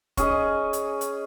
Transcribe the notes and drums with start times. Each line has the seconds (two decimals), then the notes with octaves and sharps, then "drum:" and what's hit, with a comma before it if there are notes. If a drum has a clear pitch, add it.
0.17 C#4 G#4 D#5, drum: kick, hi-hat
0.73 drum: hi-hat
1.01 drum: hi-hat